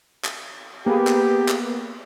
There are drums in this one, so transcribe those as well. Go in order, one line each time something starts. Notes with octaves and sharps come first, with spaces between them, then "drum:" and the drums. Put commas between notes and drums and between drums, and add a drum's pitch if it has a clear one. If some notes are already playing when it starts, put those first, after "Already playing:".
drum: clap
A#3 B3 G4 G#4
drum: clap
drum: clap